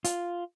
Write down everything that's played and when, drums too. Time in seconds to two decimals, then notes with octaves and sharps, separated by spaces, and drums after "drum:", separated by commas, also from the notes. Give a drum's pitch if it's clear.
0.04 F4, drum: hi-hat